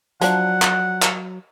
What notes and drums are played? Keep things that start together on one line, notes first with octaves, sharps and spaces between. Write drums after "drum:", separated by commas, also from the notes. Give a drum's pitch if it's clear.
F3 F#3 D4 F#5, drum: hi-hat
drum: clap
drum: clap